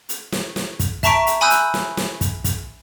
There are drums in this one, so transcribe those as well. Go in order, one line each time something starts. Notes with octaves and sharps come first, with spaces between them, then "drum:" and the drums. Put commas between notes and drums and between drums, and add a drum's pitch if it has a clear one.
drum: hi-hat
drum: snare
drum: snare
drum: kick, hi-hat
E5 A5 A#5 C#6 B6 D7, drum: kick, hi-hat
drum: hi-hat
G#5 B5 D#6 E6 F#6 G6
drum: hi-hat
drum: snare
drum: snare
drum: kick, hi-hat
drum: kick, hi-hat